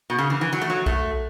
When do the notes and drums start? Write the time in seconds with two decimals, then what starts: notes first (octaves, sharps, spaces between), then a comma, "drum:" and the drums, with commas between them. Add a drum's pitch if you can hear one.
0.10 B2
0.18 C#3
0.30 E3
0.41 E3
0.53 F#3
0.61 A3
0.70 F#3
0.86 A3, drum: kick B1